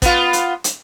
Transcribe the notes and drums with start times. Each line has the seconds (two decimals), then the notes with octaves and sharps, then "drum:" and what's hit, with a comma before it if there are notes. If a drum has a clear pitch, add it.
0.02 B3 F4, drum: kick A1, hi-hat
0.33 drum: hi-hat
0.64 drum: hi-hat